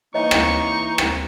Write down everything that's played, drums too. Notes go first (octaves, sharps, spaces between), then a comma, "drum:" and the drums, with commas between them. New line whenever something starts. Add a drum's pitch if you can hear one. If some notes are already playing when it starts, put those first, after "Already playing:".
E3 A#3 D#4 C#5 D#5 A#5 C#6
drum: rim click
drum: rim click